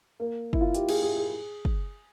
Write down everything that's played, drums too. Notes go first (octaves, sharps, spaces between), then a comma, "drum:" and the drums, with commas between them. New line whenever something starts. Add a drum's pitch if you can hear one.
A#3
E4, drum: kick
F4
G4, drum: hi-hat
G#4, drum: cymbal
G#4
G#4
drum: kick